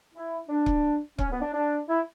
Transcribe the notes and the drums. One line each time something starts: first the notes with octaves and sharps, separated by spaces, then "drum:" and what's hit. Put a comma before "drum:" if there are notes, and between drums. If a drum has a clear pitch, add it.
E4
D4
drum: kick C#1
C#4, drum: kick C#1
B3
D4
D4
E4